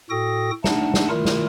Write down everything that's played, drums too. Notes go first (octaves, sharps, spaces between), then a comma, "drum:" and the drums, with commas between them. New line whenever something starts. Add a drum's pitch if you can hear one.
A2 F#4 A4 G5 D#6 A#6
A3 D4 D#4 F#5 A5, drum: snare
drum: snare
D#3 A3 E4 F4 A#4
drum: snare